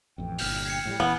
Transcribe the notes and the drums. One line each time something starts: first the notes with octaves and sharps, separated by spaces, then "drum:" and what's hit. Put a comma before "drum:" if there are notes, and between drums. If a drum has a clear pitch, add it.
A1 F2 G5
G1 A#2 F6 G6 F7, drum: open hi-hat
G#6 C7 C#7
A2 F3 G3
D#1 E2 E3 B3 G#5 B5